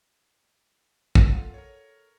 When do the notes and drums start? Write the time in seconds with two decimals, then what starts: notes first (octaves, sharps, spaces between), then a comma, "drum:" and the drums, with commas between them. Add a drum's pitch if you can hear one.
1.15 A#4 B4, drum: kick
1.30 F4 A4 F#5 D#7
1.54 A#4 C#5